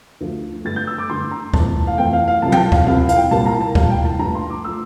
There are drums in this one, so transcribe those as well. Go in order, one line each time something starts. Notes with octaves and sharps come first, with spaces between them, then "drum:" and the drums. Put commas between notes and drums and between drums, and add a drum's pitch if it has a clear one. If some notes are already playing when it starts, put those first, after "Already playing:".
D2 D3 F3 A3
G2 D3 A3 A6
G6
E6
D6
G2 D3 A3 C6
A#5
F2 E3 A3 A5, drum: kick D2
F5
F2 E3 A3 G5
F5
F5
C2 C3 F3 A5
G5, drum: tom
A5
F5, drum: kick D2
C2 C3 F3 F5
F5, drum: hi-hat
G5
C2 A#2 G3 A#3 A5
A#5
A5
C2 A#2 G3 A#3 F5, drum: kick D2
G5
A5
G2 F3 A3 A#5
C6
D6
F3 A3 E6